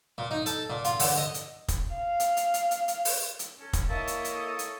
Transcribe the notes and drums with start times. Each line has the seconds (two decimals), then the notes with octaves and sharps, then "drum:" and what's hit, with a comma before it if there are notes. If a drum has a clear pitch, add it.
0.18 A#2
0.31 D#4
0.46 A4, drum: hi-hat
0.70 A#2
0.85 F4, drum: hi-hat
1.00 D3, drum: open hi-hat
1.17 D#5
1.34 drum: hi-hat
1.68 drum: kick, hi-hat
1.96 F5
2.20 drum: hi-hat
2.37 drum: hi-hat
2.54 drum: hi-hat
2.71 drum: hi-hat
2.88 drum: hi-hat
3.05 drum: open hi-hat
3.39 drum: hi-hat
3.59 C#4 A4
3.73 drum: kick, hi-hat
3.89 A#3 E4 C#5 D#5 E5 A5
4.07 drum: hi-hat
4.25 drum: hi-hat
4.34 A4 D#6
4.59 drum: hi-hat